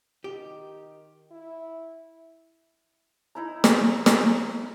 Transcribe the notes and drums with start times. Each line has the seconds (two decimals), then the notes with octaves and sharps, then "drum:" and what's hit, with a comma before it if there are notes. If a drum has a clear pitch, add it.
0.24 D#3 G4
1.31 E4
3.35 D#4 E4 A#5
3.64 drum: snare
4.06 drum: snare